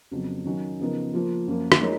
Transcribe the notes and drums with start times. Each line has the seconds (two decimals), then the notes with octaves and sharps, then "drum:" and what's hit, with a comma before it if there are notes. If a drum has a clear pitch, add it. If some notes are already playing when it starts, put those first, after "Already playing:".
0.11 F2 C#3 F#3 B3
0.45 D#3 F#3 C#4 F#4
0.79 C#3 F3 B3 D#4 A#4
1.13 F3 A#3 F4
1.47 F#2 F3 A#3
1.72 drum: rim click
1.81 G#3 D#4 A#4 C#5